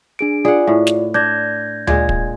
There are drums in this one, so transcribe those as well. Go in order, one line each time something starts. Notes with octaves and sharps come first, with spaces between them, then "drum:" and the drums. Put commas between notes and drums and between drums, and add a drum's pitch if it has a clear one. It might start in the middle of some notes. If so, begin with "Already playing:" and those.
D4 G#4 D7
F4 G#4 D5 F#5
A2
drum: snare
D4 G6 G#6 A#6
A#2 G#3 G#6, drum: tom D2
drum: kick